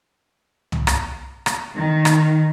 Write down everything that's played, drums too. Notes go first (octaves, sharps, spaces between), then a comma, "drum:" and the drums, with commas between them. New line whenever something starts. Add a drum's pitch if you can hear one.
drum: tom
drum: rim click
drum: rim click
D#3
drum: rim click